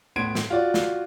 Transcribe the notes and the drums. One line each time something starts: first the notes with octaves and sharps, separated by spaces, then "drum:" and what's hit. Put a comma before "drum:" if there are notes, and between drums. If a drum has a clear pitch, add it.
A2 B3 C6 G#6 D7
drum: snare
F4 F#4 D5
drum: snare